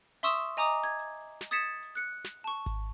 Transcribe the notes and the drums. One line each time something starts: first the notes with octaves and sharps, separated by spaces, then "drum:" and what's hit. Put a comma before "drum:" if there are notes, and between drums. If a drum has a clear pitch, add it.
E5 C6 C#6 D#6 E6 E7
D#5 G#5 A#5 D6 D#6
G#6
drum: hi-hat
drum: snare
D#6 G#6 A6 B6 C#7 E7
drum: hi-hat
F#6 C#7
drum: snare
A5 C#6
drum: kick G#1, hi-hat